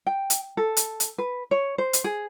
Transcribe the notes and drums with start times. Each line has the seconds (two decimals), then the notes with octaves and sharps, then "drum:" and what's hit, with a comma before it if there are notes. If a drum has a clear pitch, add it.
0.07 G5
0.30 drum: hi-hat
0.57 A4
0.77 drum: hi-hat
1.00 drum: hi-hat
1.18 B4
1.51 C#5
1.78 C5
1.93 drum: hi-hat
2.04 G#4